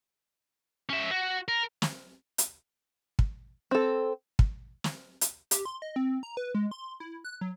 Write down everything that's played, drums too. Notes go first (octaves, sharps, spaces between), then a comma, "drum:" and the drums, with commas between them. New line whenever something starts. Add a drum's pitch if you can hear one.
C#4 E5
F#4
A#4
drum: snare
drum: hi-hat
drum: kick
C4 A4
drum: kick
drum: snare
drum: hi-hat
G4, drum: hi-hat
C6
D#5
C4
A#5
B4
G#3
C6
E4
F#6
F#3